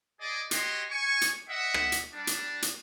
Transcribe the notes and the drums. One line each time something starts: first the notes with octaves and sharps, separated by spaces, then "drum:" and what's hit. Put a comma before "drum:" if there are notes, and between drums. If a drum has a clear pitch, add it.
G#4 D5 D#5
F#4 G4 A#4 C#5 D#5 C6, drum: hi-hat
G#5 C#6
drum: hi-hat
D#5 E5 F#5
drum: rim click
drum: hi-hat
G3 D4
drum: hi-hat
drum: hi-hat